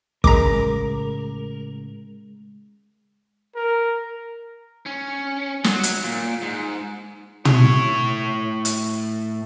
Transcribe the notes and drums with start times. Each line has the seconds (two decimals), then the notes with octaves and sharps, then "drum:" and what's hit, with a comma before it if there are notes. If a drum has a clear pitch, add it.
0.24 A2 C#3 G#3 A#4 A#5 D6, drum: kick
3.56 A#4
4.86 C#4
5.64 F#3, drum: snare
5.83 drum: hi-hat
6.04 A#2
6.42 G#2
7.45 A2 C#5, drum: tom
8.65 drum: hi-hat